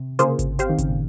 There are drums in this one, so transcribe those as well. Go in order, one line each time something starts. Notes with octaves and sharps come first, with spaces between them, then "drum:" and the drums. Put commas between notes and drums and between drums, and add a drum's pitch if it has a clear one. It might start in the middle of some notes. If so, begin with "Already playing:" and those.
Already playing: C3
C#3 A#3 F4 G#4 C5, drum: hi-hat
drum: kick G#1, hi-hat
C4 G4 C5 F5, drum: hi-hat
D#3
C#3, drum: kick G#1, hi-hat
A#2